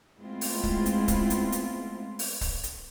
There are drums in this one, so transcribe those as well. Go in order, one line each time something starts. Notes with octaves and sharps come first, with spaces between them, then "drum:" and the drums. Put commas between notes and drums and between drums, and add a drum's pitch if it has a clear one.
G#3 A3 B3 C4 E4 F4
drum: open hi-hat
drum: kick C#1
drum: hi-hat
drum: kick C#1, hi-hat
drum: hi-hat
drum: hi-hat
drum: open hi-hat
drum: kick C#1, open hi-hat
drum: hi-hat